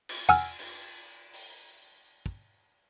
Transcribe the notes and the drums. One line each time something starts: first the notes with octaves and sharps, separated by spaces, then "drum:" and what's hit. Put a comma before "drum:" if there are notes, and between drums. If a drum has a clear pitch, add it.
drum: cymbal
F#5 G#5 E6 F6, drum: tom
drum: cymbal
drum: open hi-hat
drum: kick